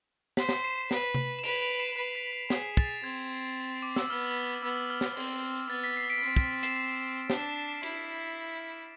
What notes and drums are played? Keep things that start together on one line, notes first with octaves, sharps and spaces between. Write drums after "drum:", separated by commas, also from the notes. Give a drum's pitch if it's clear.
C5 B6, drum: snare
drum: snare
C7 E7
B4, drum: snare
drum: tom C3
E7
B4 D7 F7, drum: open hi-hat
D7 F7
C7 E7
B4 C7
B6 D7
C7
G#4 B6, drum: snare
A6, drum: kick
C4 G#6
D6
E6, drum: snare
B3 F6
B3 E6
F6
drum: snare
C4, drum: open hi-hat
B3 A6
B6
C7
B6 D7
C4
B6, drum: kick
B6
C7 E7, drum: hi-hat
C7 E7
D4, drum: snare
E4, drum: cymbal